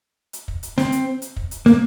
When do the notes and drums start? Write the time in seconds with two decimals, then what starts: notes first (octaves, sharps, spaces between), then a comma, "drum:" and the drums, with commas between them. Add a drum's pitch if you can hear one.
0.33 drum: hi-hat
0.48 drum: kick
0.63 drum: hi-hat
0.78 C4, drum: snare
0.92 drum: hi-hat
1.22 drum: hi-hat
1.36 drum: kick
1.51 drum: hi-hat
1.66 A#3, drum: snare